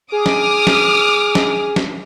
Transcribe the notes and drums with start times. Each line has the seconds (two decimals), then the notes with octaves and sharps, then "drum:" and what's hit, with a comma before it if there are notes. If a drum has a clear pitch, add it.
0.12 G#4 D6 D#6 F6
0.26 drum: snare
0.67 drum: snare
1.35 drum: snare
1.76 drum: snare